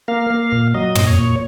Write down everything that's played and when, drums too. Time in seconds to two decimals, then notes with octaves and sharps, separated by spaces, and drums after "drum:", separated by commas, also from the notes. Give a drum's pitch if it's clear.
0.08 A#3 F5
0.30 A#3
0.52 A#2
0.74 F#3 D#5
0.95 A#2, drum: tom
1.07 C#5
1.18 A#2